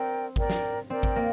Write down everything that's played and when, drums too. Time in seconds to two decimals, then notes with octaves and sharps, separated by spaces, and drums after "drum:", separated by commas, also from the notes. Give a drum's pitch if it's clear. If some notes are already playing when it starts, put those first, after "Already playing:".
Already playing: C4 A#4 D5 G5
0.36 A#4 D5 G5, drum: kick G#1
0.50 drum: snare
0.90 C4 A#4 D5 G5
1.03 drum: kick G#1
1.16 A#3